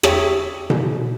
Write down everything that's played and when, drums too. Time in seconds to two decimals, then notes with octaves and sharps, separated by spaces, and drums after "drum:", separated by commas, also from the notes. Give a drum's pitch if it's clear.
0.03 G4 G#4 C#5 E5, drum: rim click
0.70 drum: tom B2